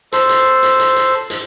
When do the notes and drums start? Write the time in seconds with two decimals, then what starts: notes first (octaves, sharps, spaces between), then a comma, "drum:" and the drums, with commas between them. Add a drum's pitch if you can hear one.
0.12 A4 C5, drum: hi-hat
0.29 drum: hi-hat
0.63 drum: hi-hat
0.80 drum: hi-hat
0.96 drum: hi-hat
1.30 drum: hi-hat